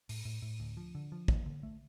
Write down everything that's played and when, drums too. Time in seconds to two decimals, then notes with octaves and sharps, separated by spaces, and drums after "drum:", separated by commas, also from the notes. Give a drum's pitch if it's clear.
0.09 A2, drum: open hi-hat
0.25 A2
0.42 A2
0.60 D2
0.77 F3
0.95 D3
1.12 F3
1.28 A#3, drum: kick
1.46 D3
1.63 A3